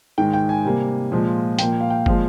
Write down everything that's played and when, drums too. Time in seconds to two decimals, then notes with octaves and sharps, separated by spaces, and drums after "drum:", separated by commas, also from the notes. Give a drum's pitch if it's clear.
0.18 G#2 D#3 G#3 G5
0.33 G5
0.49 G#5
0.65 C3 G3 A#3
1.12 A#2 F3 G#3
1.59 A#2 F3 A#3 G5, drum: hi-hat
1.81 F5
1.90 G5
2.06 A#2 F3 G#3 F5, drum: kick